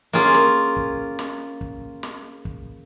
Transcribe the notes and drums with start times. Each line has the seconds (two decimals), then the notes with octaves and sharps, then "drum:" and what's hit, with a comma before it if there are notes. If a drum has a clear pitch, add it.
0.13 A#3 C#4 F4 G#4
0.34 drum: snare
0.77 drum: kick
1.19 drum: snare
1.61 drum: kick
2.03 drum: snare
2.45 drum: kick